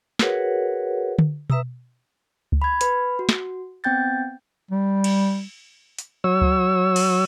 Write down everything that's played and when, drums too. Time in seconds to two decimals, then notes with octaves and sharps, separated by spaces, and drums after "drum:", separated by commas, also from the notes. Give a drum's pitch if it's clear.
0.19 F#4 G#4 A#4 B4 C#5 F#5, drum: snare
1.19 drum: tom D3
1.50 B4 E5 A#5 D#6 E6, drum: tom B2
2.52 drum: kick C#2
2.62 B5 G#6
2.81 B4 B5, drum: hi-hat
3.19 F#4
3.29 drum: snare
3.84 B3 C4 G5 G6 A6
4.71 G3
5.04 drum: cymbal
5.99 drum: hi-hat
6.24 F#3 C#5 E6
6.41 drum: kick C#2
6.96 drum: cymbal